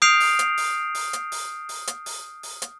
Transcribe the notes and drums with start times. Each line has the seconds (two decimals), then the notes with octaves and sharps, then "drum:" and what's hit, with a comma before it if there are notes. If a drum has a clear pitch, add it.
0.02 D#6 F6 G6 C7 D7 F7
0.20 drum: open hi-hat
0.39 drum: hi-hat
0.57 drum: open hi-hat
0.95 drum: open hi-hat
1.13 drum: hi-hat
1.32 drum: open hi-hat
1.69 drum: open hi-hat
1.87 drum: hi-hat
2.06 drum: open hi-hat
2.43 drum: open hi-hat
2.62 drum: hi-hat